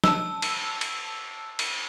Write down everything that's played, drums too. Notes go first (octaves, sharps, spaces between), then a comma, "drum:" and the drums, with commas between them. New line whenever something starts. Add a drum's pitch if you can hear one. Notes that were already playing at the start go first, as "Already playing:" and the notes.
A5 E6, drum: snare
drum: cymbal
drum: cymbal
drum: cymbal